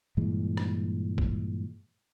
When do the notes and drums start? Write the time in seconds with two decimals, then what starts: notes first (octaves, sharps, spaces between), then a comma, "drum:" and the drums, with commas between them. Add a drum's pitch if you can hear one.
0.17 G2 A#2 E3 G#3
0.57 drum: rim click
1.18 drum: kick A#1